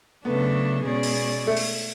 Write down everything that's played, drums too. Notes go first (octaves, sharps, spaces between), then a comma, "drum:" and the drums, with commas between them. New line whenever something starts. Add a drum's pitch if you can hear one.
C#3 F#3 A3 B3 D4 A4
B2 G#3 C#4 G#4 D5
drum: open hi-hat
A3
drum: open hi-hat